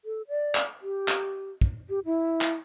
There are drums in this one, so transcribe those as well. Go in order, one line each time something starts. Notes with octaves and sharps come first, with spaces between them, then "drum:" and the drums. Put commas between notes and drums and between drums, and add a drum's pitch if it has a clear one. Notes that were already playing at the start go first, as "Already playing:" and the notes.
A4
D5
drum: clap
G4
drum: clap
drum: kick
G4
E4
drum: clap